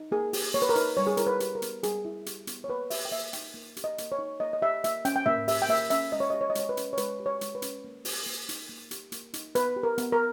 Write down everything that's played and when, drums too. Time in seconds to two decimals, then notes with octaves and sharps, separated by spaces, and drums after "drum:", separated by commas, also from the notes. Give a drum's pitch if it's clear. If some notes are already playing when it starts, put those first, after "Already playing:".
Already playing: D#4
0.12 A#3 G#4
0.33 G4, drum: open hi-hat
0.54 A#3 C#5
0.62 B4
0.69 A#4
0.76 D#4 B4, drum: hi-hat
0.97 G3 C#5
1.07 G#4
1.17 E4 A#4, drum: hi-hat
1.27 B4
1.40 G4, drum: hi-hat
1.55 A#4
1.62 B3, drum: hi-hat
1.83 G3 G#4, drum: hi-hat
2.05 E4
2.26 G4, drum: hi-hat
2.47 B3, drum: hi-hat
2.64 C#5
2.68 A#3 B4
2.90 G4 E5, drum: open hi-hat
3.05 G5
3.11 A#3 E5
3.33 D#4 G5, drum: hi-hat
3.54 A#3
3.77 G4, drum: hi-hat
3.84 D#5
3.98 A#3, drum: hi-hat
4.12 C#5
4.18 D#4
4.40 A#3 D#5
4.53 D#5
4.62 G4 E5
4.84 A#3 E5, drum: hi-hat
5.05 C#4 G5, drum: hi-hat
5.16 G5
5.26 A#3 E5, drum: tom
5.48 G4 E5, drum: open hi-hat
5.62 G5
5.69 A#3 E5
5.90 C#4 E5, drum: hi-hat
6.12 G#3 D#5
6.20 C#5
6.30 G4 D#5
6.41 C#5
6.50 D#5
6.55 G#3 C#5, drum: hi-hat
6.69 B4
6.77 C#4, drum: hi-hat
6.93 C#5
6.97 G#3 B4, drum: hi-hat
7.20 G4
7.26 C#5
7.41 G#3, drum: hi-hat
7.55 B4
7.62 C#4, drum: hi-hat
7.84 A#3
8.05 G4, drum: open hi-hat
8.26 A#3
8.49 D#4, drum: hi-hat
8.69 A#3
8.91 G4, drum: hi-hat
9.12 A#3, drum: hi-hat
9.34 D#4, drum: hi-hat
9.55 B3 B4, drum: hi-hat
9.76 G4
9.83 A#4
9.98 B3, drum: hi-hat
10.12 A#4